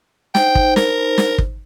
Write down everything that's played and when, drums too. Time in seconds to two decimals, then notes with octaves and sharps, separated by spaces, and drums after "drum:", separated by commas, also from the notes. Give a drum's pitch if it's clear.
0.35 D#4 C5 G5, drum: snare
0.55 drum: kick
0.76 A#4, drum: snare
1.18 drum: snare
1.38 drum: kick